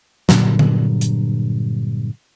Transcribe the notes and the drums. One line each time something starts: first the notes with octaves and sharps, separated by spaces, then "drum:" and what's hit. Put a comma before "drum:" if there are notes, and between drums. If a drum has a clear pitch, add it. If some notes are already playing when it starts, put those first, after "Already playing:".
G2 A#2 D3 F#3, drum: snare
drum: tom D3
drum: hi-hat